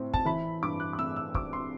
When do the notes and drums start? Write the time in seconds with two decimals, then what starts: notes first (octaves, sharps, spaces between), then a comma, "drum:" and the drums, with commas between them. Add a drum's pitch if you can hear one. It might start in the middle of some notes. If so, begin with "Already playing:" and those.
Already playing: A2 A3 C4
0.14 A5, drum: kick
0.25 E3 B5
0.63 G2 D6
0.80 F#6
0.93 D6
0.98 A3 E6
1.16 E6
1.35 C4 D6, drum: kick
1.53 C6